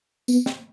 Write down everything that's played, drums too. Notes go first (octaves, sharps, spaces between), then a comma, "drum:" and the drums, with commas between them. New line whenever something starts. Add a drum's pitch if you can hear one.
B3, drum: tambourine
drum: snare